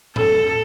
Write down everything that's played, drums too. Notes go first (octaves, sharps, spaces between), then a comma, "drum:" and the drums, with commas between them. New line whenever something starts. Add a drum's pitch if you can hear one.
A4, drum: tom A2